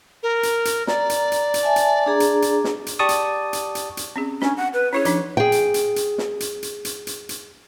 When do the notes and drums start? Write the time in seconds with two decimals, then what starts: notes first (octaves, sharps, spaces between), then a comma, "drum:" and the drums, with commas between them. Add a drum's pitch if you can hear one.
0.23 A#4
0.43 drum: hi-hat
0.65 drum: hi-hat
0.87 D5 A#5, drum: snare
1.10 drum: hi-hat
1.32 drum: hi-hat
1.54 drum: hi-hat
1.63 E5 G#5 A5
1.76 drum: hi-hat
2.06 D4 G#4 A#5
2.20 drum: hi-hat
2.42 drum: hi-hat
2.64 drum: snare
2.86 drum: hi-hat
2.99 G4 D5 A5 C#6 D#6
3.09 drum: hi-hat
3.53 drum: hi-hat
3.75 drum: hi-hat
3.97 drum: hi-hat
4.16 C4 C#4 G#4
4.42 C#4 D4, drum: snare
4.57 F#5
4.73 B4
4.93 C#4 E4 G#4 C#5
5.05 F3 D4 D#4, drum: hi-hat
5.37 G#4 G5
5.52 drum: hi-hat
5.74 drum: hi-hat
5.96 drum: hi-hat
6.18 drum: snare
6.40 drum: hi-hat
6.63 drum: hi-hat
6.85 drum: hi-hat
7.07 drum: hi-hat
7.29 drum: hi-hat